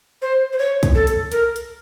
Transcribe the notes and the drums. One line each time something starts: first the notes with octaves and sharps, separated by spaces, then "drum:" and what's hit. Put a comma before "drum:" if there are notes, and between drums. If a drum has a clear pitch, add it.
C5
C5
C#5
drum: kick, hi-hat
A4
drum: hi-hat
A#4, drum: hi-hat
drum: hi-hat